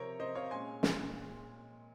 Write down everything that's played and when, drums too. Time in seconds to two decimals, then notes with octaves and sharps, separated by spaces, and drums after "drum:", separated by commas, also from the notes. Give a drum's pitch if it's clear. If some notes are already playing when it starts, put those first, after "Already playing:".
Already playing: C3 F3 C4 A#4 C#5
0.20 C3 F3 C4 C5 D#5
0.35 C#5 F5
0.51 A#2 G#3 C#4 G#5 C6
0.83 A#2 G#3 C#4, drum: snare